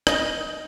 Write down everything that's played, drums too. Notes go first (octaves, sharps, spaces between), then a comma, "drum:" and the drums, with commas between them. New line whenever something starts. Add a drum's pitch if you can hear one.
D#5, drum: rim click